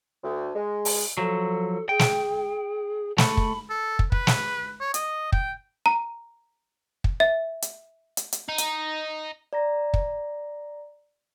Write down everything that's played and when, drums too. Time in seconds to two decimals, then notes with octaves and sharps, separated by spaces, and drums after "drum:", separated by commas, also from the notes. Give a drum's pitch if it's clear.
0.23 D2
0.54 G#3
0.85 drum: open hi-hat
1.18 F3 F#3 A4
1.89 G#4 G5
1.99 drum: snare
3.18 A3 B5, drum: snare
3.37 drum: kick
3.70 A4
3.99 drum: kick
4.12 B4, drum: kick
4.27 drum: snare
4.80 C#5
4.94 D#5, drum: hi-hat
5.32 G5, drum: kick
5.86 A#5
7.04 drum: kick
7.20 E5
7.62 drum: hi-hat
8.17 drum: hi-hat
8.32 drum: hi-hat
8.49 D#4
8.58 drum: hi-hat
9.53 D5 A#5 A#6
9.94 drum: kick